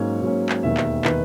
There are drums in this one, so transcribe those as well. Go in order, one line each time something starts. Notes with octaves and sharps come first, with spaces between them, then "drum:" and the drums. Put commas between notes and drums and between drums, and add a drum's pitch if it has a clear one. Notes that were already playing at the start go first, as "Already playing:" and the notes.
Already playing: G#2 F#3 A#3 C#4 C#5
G#2 F#3 A#3 C#4
drum: clap
E1 D#2 D#3 E5
drum: clap
D#3 B4, drum: clap